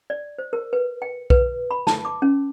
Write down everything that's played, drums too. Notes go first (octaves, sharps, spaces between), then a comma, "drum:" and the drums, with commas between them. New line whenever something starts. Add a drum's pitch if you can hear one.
D5
C5
A#4
B4
G5
B4, drum: kick B1
B5
A5, drum: snare
D6
C#4